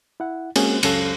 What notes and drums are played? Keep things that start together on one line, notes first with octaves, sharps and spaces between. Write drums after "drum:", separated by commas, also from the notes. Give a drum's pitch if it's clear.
E4 F#5
G#3 A#3 C4 C#4 F#4 G#4, drum: cymbal
C#2 F#2 F#3 C#4 A4 F5, drum: cymbal